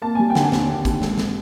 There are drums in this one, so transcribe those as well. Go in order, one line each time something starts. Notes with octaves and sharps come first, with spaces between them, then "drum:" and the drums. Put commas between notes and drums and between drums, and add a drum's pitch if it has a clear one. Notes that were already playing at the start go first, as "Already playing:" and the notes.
A#3 A5
G3 G#5
G5
D3, drum: snare
G#5
D#2, drum: snare
A#3
D#2, drum: kick, hi-hat
G#2, drum: snare
drum: snare